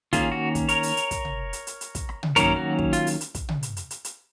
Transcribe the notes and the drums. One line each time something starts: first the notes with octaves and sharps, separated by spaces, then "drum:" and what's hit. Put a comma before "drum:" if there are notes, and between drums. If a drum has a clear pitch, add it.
D#3 A#3 C#4 F4 G#4, drum: kick, hi-hat
F#4
drum: kick, hi-hat
A#4 C#5, drum: hi-hat
drum: open hi-hat
drum: hi-hat
drum: kick, hi-hat
drum: tom
drum: hi-hat
drum: hi-hat
drum: hi-hat
drum: kick, hi-hat
drum: rim click
drum: tom
D#3 F#3 A#3 C#4 A#4 C#5, drum: kick, hi-hat
F#4
drum: kick
F4, drum: hi-hat
drum: open hi-hat
drum: hi-hat
drum: kick, hi-hat
drum: tom
drum: hi-hat
drum: hi-hat
drum: hi-hat
drum: hi-hat